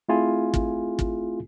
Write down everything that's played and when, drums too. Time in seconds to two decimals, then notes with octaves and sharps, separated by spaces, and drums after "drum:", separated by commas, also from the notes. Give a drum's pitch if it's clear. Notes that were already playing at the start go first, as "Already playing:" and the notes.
0.09 A3 C4 E4 F4 G#4 G#5
0.54 drum: kick
0.99 drum: kick